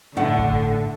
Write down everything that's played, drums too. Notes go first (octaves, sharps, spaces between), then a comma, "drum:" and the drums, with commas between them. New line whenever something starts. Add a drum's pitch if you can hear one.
A2 D3 A3 F#5
drum: kick G1